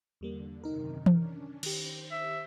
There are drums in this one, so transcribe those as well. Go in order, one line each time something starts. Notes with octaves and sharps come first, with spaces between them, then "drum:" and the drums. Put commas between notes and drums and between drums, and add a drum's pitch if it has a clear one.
E2 D3 G3 A#3
F#2 C3 D#3 D#4 A#4
drum: tom E3
C#4 D4
D#3 G4 C5, drum: cymbal
E5